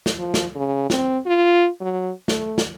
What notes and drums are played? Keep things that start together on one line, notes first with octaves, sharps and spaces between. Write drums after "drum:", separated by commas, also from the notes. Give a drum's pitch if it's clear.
drum: snare
F3
drum: snare
C#3
C4, drum: snare
F4
F#3
A3, drum: snare
drum: snare